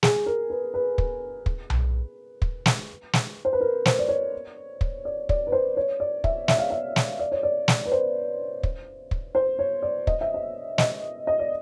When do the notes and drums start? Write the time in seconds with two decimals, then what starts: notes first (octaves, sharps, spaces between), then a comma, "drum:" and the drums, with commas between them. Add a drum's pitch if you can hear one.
0.03 G#4, drum: snare
0.26 A#4
0.50 B4
0.74 B4
0.98 drum: kick
1.46 drum: kick
1.70 drum: tom B1
2.42 drum: kick
2.66 drum: snare
3.13 drum: snare
3.45 C5
3.53 B4
3.61 A#4
3.85 C5, drum: snare
3.99 D5
4.08 C#5
4.81 drum: kick
5.05 D5
5.29 D5, drum: kick
5.47 B4
5.52 C5
5.77 C#5
6.00 D5
6.24 E5, drum: kick
6.48 E5, drum: snare
6.59 F5
6.70 E5
6.96 drum: snare
7.19 D5
7.32 C#5
7.43 D5
7.68 drum: snare
7.86 B4
7.92 C5
8.63 drum: kick
9.11 drum: kick
9.35 C5
9.59 C#5
9.82 D5
10.07 D#5, drum: kick
10.21 E5
10.34 D#5
10.78 D#5, drum: snare
11.27 D#5
11.39 D5